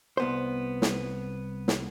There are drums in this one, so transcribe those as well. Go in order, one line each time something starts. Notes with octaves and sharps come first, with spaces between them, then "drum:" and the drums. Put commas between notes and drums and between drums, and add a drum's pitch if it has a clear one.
C2 B3 C5
drum: snare
drum: snare